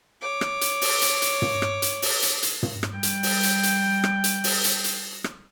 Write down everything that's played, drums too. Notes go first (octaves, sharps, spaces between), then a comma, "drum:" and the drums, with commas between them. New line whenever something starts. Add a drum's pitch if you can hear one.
C#5 D6
drum: rim click
drum: hi-hat
drum: open hi-hat
drum: hi-hat
drum: hi-hat
drum: tom
drum: rim click
drum: hi-hat
drum: open hi-hat
drum: hi-hat
drum: hi-hat
drum: tom
drum: rim click
G3 G5
drum: hi-hat
drum: open hi-hat
drum: hi-hat
drum: hi-hat
drum: rim click
drum: hi-hat
drum: open hi-hat
drum: hi-hat
drum: hi-hat
drum: rim click